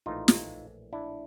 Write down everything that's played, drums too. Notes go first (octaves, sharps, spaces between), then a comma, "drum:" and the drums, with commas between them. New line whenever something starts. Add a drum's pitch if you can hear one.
A#1 A2 E3 A3 D#4 F4
drum: snare
D4 E4